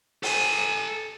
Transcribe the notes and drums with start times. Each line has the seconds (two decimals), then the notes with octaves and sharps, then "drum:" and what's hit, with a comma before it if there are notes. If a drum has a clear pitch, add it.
0.23 A4 G#5, drum: open hi-hat